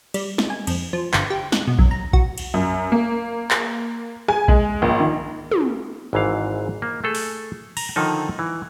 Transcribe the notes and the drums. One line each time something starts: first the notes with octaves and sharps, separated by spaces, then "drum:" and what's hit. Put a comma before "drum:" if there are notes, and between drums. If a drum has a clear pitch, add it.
G3, drum: cymbal
drum: snare
G#5
F2, drum: cymbal
F3
G1, drum: clap
G4
F#6, drum: snare
B2
F#2, drum: kick A#1
A#5
F#4, drum: kick A#1
drum: cymbal
F#2
A#3
drum: clap
G#5, drum: rim click
G#3, drum: kick A#1
A#1
D#3
drum: tom
G#1 G#2 E3 F5
A#3
A3 G#4 A4
drum: open hi-hat
A#5, drum: cymbal
D3 D#3 F3 D#4 A4
E3